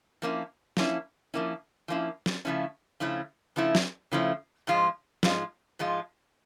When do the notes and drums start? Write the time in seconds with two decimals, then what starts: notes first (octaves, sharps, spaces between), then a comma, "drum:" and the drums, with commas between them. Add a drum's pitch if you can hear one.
0.22 F3 A#3 C#4 E4
0.77 F3 A#3 C#4 E4, drum: snare
1.34 F3 A#3 C#4 E4
1.88 F3 A#3 C#4 E4
2.26 drum: snare
2.45 C#3 F3 A3 C#4 E4
3.00 C#3 F3 A3 C#4 E4
3.56 C#3 F3 A3 C#4 E4
3.75 drum: snare
4.11 C#3 F3 A3 C#4 E4
4.67 G#2 F3 G#3 F4
5.23 G#2 F3 G#3 F4, drum: snare
5.79 G#2 F3 G#3 F4